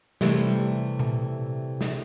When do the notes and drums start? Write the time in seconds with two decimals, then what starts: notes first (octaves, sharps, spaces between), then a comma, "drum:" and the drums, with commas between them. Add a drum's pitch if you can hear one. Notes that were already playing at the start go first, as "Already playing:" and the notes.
0.21 C3 E3 G3 A3, drum: snare
0.99 drum: tom A#2
1.81 drum: snare